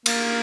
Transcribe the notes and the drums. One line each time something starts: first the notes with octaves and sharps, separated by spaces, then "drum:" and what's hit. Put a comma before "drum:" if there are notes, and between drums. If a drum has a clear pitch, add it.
A#3, drum: cymbal